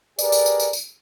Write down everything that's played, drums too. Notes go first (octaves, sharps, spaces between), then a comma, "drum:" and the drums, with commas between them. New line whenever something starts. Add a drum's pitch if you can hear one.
G4 G#4 A#4 B4 D5, drum: tambourine
drum: tambourine
drum: tambourine
drum: tambourine
drum: tambourine